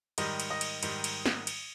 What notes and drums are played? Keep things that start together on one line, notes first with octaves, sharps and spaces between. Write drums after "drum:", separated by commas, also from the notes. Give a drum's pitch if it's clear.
G#2 D#3 G3 D#5, drum: cymbal
drum: cymbal
D#5
drum: cymbal
G#2 D#3 G3, drum: cymbal
drum: cymbal
drum: snare
drum: cymbal